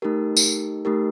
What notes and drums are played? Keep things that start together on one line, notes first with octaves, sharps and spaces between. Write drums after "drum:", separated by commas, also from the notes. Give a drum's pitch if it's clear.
A3 D#4 G4 A#4
drum: tambourine
A3 D#4 G4 A#4